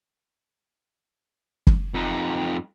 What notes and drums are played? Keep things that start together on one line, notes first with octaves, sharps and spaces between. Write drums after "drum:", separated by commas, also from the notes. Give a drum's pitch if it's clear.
drum: kick
F2 D#4